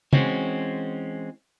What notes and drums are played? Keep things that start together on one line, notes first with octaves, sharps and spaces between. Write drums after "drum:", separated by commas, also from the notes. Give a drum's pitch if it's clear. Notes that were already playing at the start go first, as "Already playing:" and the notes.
E3 G#3 C4 C#4 F#4, drum: tom